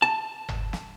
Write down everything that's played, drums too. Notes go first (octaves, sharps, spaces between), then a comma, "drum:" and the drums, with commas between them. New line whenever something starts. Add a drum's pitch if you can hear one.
A5
drum: tom G1
drum: snare